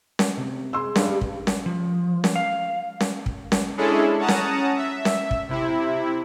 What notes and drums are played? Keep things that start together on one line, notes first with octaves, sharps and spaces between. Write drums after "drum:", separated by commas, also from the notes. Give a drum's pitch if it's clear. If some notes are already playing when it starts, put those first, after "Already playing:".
drum: snare C#4
C3
G#4 C6 E6
G2, drum: snare C#4
drum: kick
drum: snare C#4
F3
drum: snare C#4
F5
drum: snare C#4
drum: kick
drum: snare C#4
G#3 C#4 D4 E4 G#4 A4
C#4 F#5 A5 A#5 D#6
drum: snare C#4
E5
drum: snare C#4
drum: kick
C3 E4